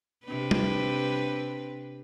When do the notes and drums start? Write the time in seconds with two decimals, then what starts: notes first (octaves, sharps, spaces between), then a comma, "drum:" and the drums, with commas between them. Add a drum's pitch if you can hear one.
0.25 C3 D4 B4
0.51 drum: tom G3